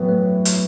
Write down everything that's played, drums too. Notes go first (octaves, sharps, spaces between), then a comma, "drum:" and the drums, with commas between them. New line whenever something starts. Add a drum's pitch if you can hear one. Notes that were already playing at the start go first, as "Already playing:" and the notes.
Already playing: A2 E3 F#3 B3 E4
A3
drum: hi-hat